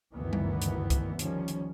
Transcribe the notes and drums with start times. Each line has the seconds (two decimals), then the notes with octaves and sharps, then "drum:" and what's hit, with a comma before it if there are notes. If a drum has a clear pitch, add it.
0.15 F#1 D2 G2 D#3 E3 B3
0.33 drum: tom G3
0.62 drum: hi-hat
0.90 drum: kick C2, hi-hat
1.19 D#3 F3 G3 C#4, drum: hi-hat
1.48 drum: hi-hat